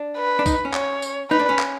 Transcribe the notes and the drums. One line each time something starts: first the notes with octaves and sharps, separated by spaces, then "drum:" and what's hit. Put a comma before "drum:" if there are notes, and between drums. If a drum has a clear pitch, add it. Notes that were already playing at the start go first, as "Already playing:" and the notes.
Already playing: D4
B4
D4
D#4, drum: kick C2, tambourine
C#4
C#5, drum: clap
drum: tambourine
D#4 B4
D4
C#4
drum: clap